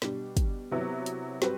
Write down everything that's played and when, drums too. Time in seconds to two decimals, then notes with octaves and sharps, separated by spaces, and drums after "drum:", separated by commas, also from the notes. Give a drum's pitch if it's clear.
0.02 B2 G3 D4, drum: snare
0.37 drum: kick, hi-hat
0.71 C3 F#3 B3 E4
1.06 drum: hi-hat
1.42 G3 C4 F#4 B4, drum: snare